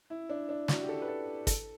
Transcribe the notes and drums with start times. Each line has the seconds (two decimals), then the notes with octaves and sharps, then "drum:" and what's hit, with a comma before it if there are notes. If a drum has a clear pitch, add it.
0.10 E4
0.29 D4
0.49 D4
0.68 F#4, drum: snare
0.83 G4
0.89 A4
1.02 B4
1.08 A4
1.47 A4, drum: kick, hi-hat